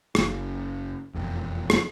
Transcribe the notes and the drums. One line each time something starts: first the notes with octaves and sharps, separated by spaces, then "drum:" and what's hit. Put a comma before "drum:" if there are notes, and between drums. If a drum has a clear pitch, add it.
F#1, drum: rim click
E1 F2
drum: rim click